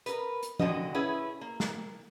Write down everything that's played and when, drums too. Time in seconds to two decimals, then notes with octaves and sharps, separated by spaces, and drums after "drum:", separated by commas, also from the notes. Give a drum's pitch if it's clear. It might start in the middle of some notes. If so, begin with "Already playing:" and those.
0.06 A#4 B4, drum: hi-hat
0.43 drum: hi-hat
0.59 A#2 D3 D#3 F#4 D#5, drum: tom
0.94 C#4 E4 G#4 B4
1.41 A#3
1.60 drum: snare